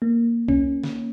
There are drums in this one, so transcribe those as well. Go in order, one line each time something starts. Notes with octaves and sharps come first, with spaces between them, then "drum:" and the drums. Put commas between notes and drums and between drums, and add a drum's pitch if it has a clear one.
A#3
C#4, drum: kick C2
drum: snare